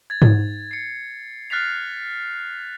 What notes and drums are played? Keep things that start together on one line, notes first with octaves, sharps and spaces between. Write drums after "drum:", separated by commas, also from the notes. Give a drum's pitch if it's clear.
G#6 A6
drum: tom G#2
C7 C#7
F6 F#6 A6 B6 C7 F7